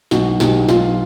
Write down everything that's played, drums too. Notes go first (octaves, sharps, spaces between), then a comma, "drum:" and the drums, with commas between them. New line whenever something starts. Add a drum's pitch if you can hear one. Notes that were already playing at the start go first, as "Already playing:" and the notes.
B1 F#4, drum: snare
B1 G4, drum: snare
B1 F4, drum: snare